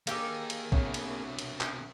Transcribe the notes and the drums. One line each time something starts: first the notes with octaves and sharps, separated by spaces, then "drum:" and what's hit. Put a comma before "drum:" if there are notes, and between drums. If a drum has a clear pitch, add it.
D#3 A#3 D#4 G4 G#4 A#4 F5 E6, drum: cymbal
drum: cymbal
C2 B2 D3 C#5, drum: kick A#1
drum: cymbal
drum: cymbal
drum: clap